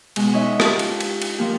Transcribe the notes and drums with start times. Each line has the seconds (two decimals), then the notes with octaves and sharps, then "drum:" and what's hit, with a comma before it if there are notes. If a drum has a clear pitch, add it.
0.16 B2 G#3, drum: cymbal
0.33 C#4 D#4 C#5 D#5 E5 F#5
0.60 F4 G4 A4 A5 A#5, drum: rim click
0.79 drum: cymbal
1.00 drum: cymbal
1.22 drum: cymbal
1.38 F3 A#3 G4